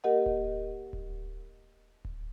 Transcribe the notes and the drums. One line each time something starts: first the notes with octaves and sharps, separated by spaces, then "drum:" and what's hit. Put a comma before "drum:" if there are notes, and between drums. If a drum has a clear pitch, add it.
A#3 G4 A#4 D#5 F#5
drum: kick D1
drum: kick D1
drum: kick D1